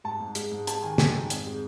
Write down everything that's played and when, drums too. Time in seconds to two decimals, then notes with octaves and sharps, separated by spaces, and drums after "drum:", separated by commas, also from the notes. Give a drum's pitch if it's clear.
0.04 G#2 A5
0.20 G#2
0.35 G#3, drum: hi-hat
0.52 G#2
0.67 G#3 A5, drum: hi-hat
0.82 D#3 G#5
0.98 G#2 G5, drum: snare
1.15 G#2
1.30 F2, drum: hi-hat
1.46 G#3